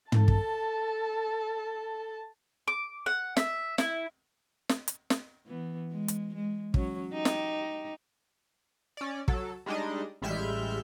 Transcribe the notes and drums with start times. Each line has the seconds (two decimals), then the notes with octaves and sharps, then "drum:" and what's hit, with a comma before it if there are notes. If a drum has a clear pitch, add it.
0.12 A4 A5, drum: tom
0.28 drum: kick
2.68 D6
3.06 F#5
3.37 E5, drum: snare
3.78 E4, drum: snare
4.69 drum: snare
4.88 drum: hi-hat
5.10 drum: snare
5.46 E3 B3
5.92 G#3
6.08 drum: hi-hat
6.35 G#3
6.74 F#3 C#4, drum: kick
7.13 D#4 G4
7.25 drum: snare
8.97 C#4 D5
9.28 F#3 A4, drum: kick
9.66 G3 G#3 D4 D#4 D#5
10.22 A1 G3 G#3 E5 F6 G6